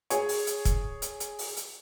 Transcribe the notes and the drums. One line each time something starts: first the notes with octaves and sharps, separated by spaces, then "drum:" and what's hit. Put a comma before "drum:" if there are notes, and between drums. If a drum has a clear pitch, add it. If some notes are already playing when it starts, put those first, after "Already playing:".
G#4 C#5, drum: hi-hat
drum: open hi-hat
drum: hi-hat
drum: kick, hi-hat
drum: hi-hat
drum: hi-hat
drum: open hi-hat
drum: hi-hat